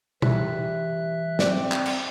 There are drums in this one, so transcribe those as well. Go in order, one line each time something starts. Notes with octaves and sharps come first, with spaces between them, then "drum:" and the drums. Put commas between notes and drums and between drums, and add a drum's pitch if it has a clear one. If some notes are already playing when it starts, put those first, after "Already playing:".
E3 G3 E5 F#6, drum: tom
C4 C5 D5, drum: snare
drum: clap
drum: cymbal